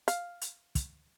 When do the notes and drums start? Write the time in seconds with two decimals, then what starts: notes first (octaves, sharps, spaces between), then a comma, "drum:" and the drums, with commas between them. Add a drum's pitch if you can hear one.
0.08 F5, drum: hi-hat
0.41 drum: hi-hat
0.75 drum: kick, hi-hat